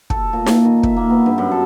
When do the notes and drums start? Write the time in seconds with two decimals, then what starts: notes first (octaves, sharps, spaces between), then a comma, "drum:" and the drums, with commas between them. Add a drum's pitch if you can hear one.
0.10 A4, drum: kick
0.33 A#2
0.46 drum: snare
0.65 D#3
0.83 E5, drum: kick
0.96 A#3
1.10 B3
1.26 G2
1.38 F#2
1.51 A4